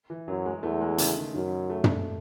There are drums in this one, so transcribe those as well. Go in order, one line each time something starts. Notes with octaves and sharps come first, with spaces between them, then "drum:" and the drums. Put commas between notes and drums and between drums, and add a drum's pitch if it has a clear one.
E3
F#2 F#3
G#3
E2 A3
G#3
C#3, drum: hi-hat
D#3
F#2 D#3
A3
drum: tom